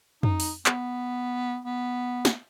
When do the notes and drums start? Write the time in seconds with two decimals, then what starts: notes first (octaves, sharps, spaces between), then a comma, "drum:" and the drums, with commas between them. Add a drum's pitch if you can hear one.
0.23 D#4, drum: tom
0.40 drum: open hi-hat
0.66 B3, drum: clap
1.65 B3
2.25 drum: snare